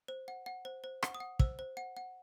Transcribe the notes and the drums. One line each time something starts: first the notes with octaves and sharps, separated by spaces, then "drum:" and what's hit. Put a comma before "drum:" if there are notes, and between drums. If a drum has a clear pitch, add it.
C5
F#5
F#5
C5
C5
F#5 C#6, drum: rim click
D#6
F#5
C5 E6, drum: kick
C5
F#5
F#5